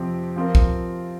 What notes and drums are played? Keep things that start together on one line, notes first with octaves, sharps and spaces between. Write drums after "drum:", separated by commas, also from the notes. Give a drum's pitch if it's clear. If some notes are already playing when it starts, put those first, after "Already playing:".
Already playing: F2 C3 F3 C4 G4
F3 C4 F4 A#4
drum: kick